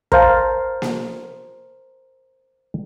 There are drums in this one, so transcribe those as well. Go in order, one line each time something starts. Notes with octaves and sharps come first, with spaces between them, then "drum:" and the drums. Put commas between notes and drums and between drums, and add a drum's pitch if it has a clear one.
A#4 C5 F5 A5, drum: kick
drum: snare A#3